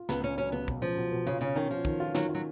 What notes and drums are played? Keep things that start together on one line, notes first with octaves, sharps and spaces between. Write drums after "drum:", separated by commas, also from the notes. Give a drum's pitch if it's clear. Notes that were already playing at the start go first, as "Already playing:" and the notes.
Already playing: F4
C#2 B3, drum: snare
C#2 C#4
F#3 C#4
C#2 B3
B2, drum: kick
C#2 F3
B2
B2
C#3 F4
C#3 C#4
D#3 C#4
F3 F4
D#3, drum: kick
F4
D#3 F#3, drum: snare
F4
F#3